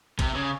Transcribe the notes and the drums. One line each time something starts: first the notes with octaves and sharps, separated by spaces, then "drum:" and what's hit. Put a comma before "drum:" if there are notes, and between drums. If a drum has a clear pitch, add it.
C3, drum: kick A1, cymbal
C#3